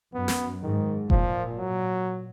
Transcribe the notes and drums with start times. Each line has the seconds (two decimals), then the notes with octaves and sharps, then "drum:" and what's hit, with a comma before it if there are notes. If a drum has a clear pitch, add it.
0.14 F#2 B3
0.28 drum: snare
0.63 G#2 D#3
1.10 A#2 F3, drum: kick F1
1.58 F#3